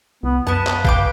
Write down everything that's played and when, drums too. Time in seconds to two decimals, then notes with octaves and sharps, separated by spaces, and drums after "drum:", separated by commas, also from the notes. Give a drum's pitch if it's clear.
0.23 C2 B3
0.47 F#2 B3 B4 A5
0.67 drum: clap
0.85 F5 G5 D6, drum: kick